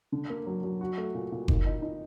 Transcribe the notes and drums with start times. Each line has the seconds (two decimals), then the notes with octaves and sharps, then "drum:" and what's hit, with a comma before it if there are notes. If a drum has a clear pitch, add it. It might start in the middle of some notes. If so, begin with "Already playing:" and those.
0.12 D3
0.30 A#3
0.46 F#3
0.63 F#3
0.81 F#4
0.98 A3
1.14 A#2
1.32 A#2
1.48 D#3, drum: kick F#1
1.66 D#4
1.82 D#4